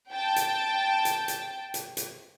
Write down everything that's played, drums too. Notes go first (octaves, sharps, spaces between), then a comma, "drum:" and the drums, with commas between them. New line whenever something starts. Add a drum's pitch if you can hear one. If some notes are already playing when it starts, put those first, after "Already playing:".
G5 A5
drum: hi-hat
drum: hi-hat
drum: hi-hat
drum: hi-hat
drum: hi-hat